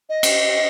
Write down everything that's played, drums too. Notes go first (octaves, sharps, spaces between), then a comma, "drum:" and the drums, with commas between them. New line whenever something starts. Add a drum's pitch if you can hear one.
D#5
drum: cymbal